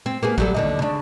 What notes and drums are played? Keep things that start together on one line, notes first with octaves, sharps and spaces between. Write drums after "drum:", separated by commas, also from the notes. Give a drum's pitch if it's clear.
C4
A#3 B3 G#4
F#3 G3 A4, drum: kick
D#2 D3 D#5
C#3 D4